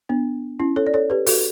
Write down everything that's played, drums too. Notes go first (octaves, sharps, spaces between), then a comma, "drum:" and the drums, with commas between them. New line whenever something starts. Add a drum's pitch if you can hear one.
B3 D4
C#4 E4
A4 C#5
D5
A4 C#5
G4 B4
F#4 A4, drum: open hi-hat